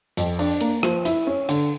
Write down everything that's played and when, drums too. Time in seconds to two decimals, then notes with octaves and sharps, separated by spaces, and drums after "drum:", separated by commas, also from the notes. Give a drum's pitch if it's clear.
0.17 F2, drum: hi-hat
0.39 D4, drum: open hi-hat
0.61 A#3, drum: hi-hat
0.83 F3, drum: rim click
1.05 E4, drum: hi-hat
1.27 C#4
1.49 D3, drum: hi-hat